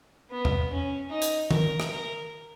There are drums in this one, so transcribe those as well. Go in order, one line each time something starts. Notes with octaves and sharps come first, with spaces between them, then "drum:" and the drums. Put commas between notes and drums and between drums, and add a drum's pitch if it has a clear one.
B3
drum: tom E2
C#4
D#4
drum: hi-hat
A#4, drum: tom D#3
drum: rim click
A#4